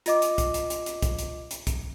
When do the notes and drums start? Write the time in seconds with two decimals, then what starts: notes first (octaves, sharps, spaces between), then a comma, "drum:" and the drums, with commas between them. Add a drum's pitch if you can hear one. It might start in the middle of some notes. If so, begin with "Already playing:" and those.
0.06 F4 D#5 D6, drum: hi-hat
0.22 drum: hi-hat
0.38 drum: kick, hi-hat
0.54 drum: hi-hat
0.70 drum: hi-hat
0.86 drum: hi-hat
1.02 drum: kick, hi-hat
1.19 drum: hi-hat
1.51 drum: hi-hat
1.67 drum: kick, hi-hat